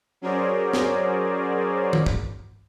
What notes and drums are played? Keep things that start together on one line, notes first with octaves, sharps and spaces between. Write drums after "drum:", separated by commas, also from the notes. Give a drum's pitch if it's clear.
F#3 C#4 G#4 A#4 C5 D5
drum: snare
drum: tom D#3
drum: kick